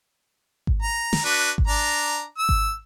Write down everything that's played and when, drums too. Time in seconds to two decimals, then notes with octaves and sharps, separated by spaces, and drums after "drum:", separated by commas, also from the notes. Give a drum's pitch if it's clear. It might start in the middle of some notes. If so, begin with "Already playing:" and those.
0.67 drum: kick G#1
0.82 A#5
1.13 drum: snare
1.25 D4 F#4 B4
1.58 drum: kick G#1
1.67 D4 A#5
2.38 E6
2.49 drum: kick G#1